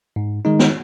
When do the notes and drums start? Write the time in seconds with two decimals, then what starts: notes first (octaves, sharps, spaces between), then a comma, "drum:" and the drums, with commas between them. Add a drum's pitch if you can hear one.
0.16 G#2
0.45 D#3 G#3 D#4
0.59 drum: snare